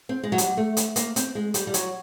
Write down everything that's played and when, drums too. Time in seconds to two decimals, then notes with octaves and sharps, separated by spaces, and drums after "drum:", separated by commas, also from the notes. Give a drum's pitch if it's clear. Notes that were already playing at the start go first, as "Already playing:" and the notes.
0.09 C4
0.23 G#3
0.32 F#3
0.38 G3, drum: hi-hat
0.57 A3
0.77 A3, drum: hi-hat
0.96 A#3, drum: hi-hat
1.16 C4, drum: hi-hat
1.35 G#3
1.54 G3, drum: hi-hat
1.67 G3
1.74 F#3, drum: hi-hat